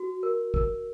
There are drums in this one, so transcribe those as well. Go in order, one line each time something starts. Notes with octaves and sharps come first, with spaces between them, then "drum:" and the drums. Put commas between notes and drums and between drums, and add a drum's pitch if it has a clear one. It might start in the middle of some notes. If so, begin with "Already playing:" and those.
Already playing: F#4
A#4
A#4, drum: kick